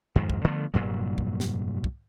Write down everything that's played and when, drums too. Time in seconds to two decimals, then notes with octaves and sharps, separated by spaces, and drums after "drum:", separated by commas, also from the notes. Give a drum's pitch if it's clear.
0.15 F2 G#2 D#3
0.30 drum: kick
0.44 D3 F3 A3 B3
0.74 F1 G2 A#2 F#3
1.18 drum: kick
1.40 drum: snare
1.84 drum: kick